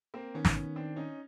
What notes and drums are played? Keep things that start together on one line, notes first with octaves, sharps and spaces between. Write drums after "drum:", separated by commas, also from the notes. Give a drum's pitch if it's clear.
A#3 C4
D#3 B3 C#4
drum: snare
C4 D4
C#4 D#4